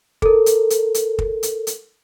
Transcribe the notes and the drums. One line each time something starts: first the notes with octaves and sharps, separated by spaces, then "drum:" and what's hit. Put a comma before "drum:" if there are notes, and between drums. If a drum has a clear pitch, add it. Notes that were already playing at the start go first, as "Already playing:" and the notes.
A4 A#4, drum: kick
drum: hi-hat
drum: hi-hat
drum: hi-hat
drum: kick
drum: hi-hat
drum: hi-hat